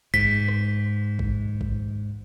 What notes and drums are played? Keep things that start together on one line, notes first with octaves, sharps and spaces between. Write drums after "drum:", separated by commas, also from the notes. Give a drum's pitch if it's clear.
G#2 B6, drum: kick A1
drum: rim click
drum: kick A1
drum: kick A1